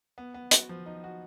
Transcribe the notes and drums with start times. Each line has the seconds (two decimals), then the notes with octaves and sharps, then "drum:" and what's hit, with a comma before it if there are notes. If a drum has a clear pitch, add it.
0.18 B3
0.34 B3
0.51 F#4, drum: hi-hat
0.69 F3
0.86 D#4
1.04 F#4